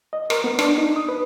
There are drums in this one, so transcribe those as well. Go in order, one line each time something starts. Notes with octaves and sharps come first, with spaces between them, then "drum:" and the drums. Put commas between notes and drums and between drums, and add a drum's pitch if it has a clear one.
D#5
A#4, drum: rim click
B3
D4, drum: rim click
D#4
D#6
B4